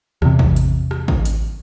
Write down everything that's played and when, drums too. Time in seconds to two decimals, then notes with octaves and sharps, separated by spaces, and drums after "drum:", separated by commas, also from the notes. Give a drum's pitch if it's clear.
0.22 E2 C3, drum: rim click
0.39 drum: kick
0.56 drum: hi-hat
0.91 drum: rim click
1.08 drum: kick
1.25 drum: hi-hat